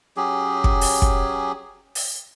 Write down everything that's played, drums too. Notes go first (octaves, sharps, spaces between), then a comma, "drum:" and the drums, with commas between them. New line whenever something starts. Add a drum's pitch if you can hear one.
F#3 C#4 G4 G#4
drum: kick
drum: open hi-hat
drum: kick
drum: open hi-hat